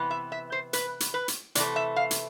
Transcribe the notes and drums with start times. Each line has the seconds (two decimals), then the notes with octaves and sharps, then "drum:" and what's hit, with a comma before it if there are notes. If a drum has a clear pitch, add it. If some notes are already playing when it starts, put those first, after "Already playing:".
Already playing: C3 E3 B3
0.11 E5
0.32 E5
0.52 C5
0.73 B4, drum: hi-hat
1.00 drum: hi-hat
1.14 B4
1.28 drum: hi-hat
1.55 C3 E3 A3 D5, drum: hi-hat
1.76 E5
1.96 F5
2.11 drum: hi-hat